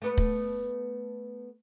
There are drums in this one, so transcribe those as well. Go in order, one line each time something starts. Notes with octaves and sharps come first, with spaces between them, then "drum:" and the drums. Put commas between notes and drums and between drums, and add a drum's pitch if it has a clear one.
A3 B3 B4
drum: kick